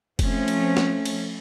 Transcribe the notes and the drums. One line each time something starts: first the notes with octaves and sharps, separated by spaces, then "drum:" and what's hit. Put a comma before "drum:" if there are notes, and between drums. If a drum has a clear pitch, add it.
F3 A3 C4 C#4, drum: kick F1, cymbal
drum: cymbal
drum: snare
drum: cymbal